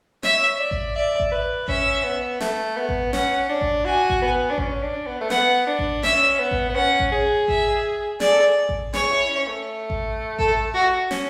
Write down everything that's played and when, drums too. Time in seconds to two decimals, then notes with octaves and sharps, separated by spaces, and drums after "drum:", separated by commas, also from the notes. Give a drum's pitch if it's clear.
0.23 C#5 E5, drum: snare
0.59 D5
0.71 drum: kick A1
0.95 D5 E5
1.20 drum: kick A1
1.32 B4
1.68 C#4 E5, drum: kick A1
2.04 B3
2.40 A3, drum: snare
2.77 B3
2.89 drum: kick A1
3.13 C#4 F#5, drum: snare
3.49 D4
3.61 drum: kick A1
3.85 F#4 G#5
4.10 drum: kick A1
4.22 B3
4.51 D4
4.58 C#4, drum: kick A1
4.82 D4
5.06 B3
5.21 A3
5.30 B3 F#5, drum: snare
5.67 D4
5.79 drum: kick A1
6.03 C#4 E5, drum: snare
6.39 B3
6.51 drum: kick A1
6.70 B3
6.75 C#4 F#5
7.00 drum: kick A1
7.12 G#4
7.48 E5, drum: kick A1
8.20 G#4 D5, drum: snare
8.31 A4
8.41 G#4
8.69 drum: kick A1
8.93 G#4 C#5, drum: snare
9.11 E4
9.30 C#4
9.47 A3
9.90 drum: kick A1
10.39 A4, drum: kick A1
10.74 F#4
11.11 C#4, drum: snare